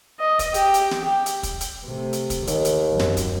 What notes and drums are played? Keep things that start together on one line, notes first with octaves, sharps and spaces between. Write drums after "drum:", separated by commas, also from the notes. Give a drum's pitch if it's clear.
D#5
drum: kick, hi-hat
G4, drum: hi-hat
drum: hi-hat
drum: snare
G4
drum: hi-hat
drum: kick, hi-hat
drum: hi-hat
C3 A3
drum: hi-hat
drum: kick, hi-hat
D#2 D#3, drum: hi-hat
drum: hi-hat
G#1 F#2
drum: snare
drum: kick, hi-hat